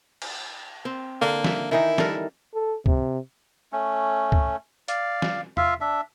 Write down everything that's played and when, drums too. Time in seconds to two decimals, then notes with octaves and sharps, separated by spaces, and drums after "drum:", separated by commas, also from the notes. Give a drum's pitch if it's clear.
0.22 drum: cymbal
0.85 C4
1.22 D3 A#3
1.44 E5, drum: snare
1.71 D#3 E3 D#4 E4
1.98 G3 A4 A#4, drum: snare
2.54 A4
2.86 C3, drum: kick C#2
3.72 A3 C#4
4.32 drum: kick C#2
4.88 D5 F5, drum: hi-hat
5.22 drum: snare
5.57 F4 E5 F5, drum: tom E2
5.81 D4 E5